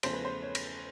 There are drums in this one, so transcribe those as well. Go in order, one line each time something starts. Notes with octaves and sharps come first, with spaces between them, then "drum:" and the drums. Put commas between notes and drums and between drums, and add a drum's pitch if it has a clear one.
E2 C#3 F3 A3 C5, drum: cymbal
B4
C5
C#5
drum: cymbal